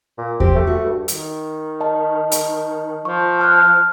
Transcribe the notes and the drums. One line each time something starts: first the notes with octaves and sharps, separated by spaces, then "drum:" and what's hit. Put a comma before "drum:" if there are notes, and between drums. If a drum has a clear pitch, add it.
A#2
C4 G4, drum: kick E2
A3
F#4
G2
D#3, drum: hi-hat
D#5 A5
drum: hi-hat
F3 C#6
A5 F6 F#6